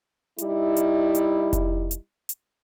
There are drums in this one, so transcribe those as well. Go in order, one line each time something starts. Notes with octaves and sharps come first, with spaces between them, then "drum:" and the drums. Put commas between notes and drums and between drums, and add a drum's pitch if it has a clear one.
G3 D#4 E4, drum: hi-hat
drum: hi-hat
drum: hi-hat
drum: kick F1, hi-hat
drum: hi-hat
drum: hi-hat